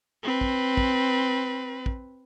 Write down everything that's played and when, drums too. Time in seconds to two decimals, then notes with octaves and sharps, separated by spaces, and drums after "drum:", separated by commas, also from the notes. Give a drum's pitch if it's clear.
0.23 C4 B4
0.41 drum: kick
0.77 drum: kick
1.86 drum: kick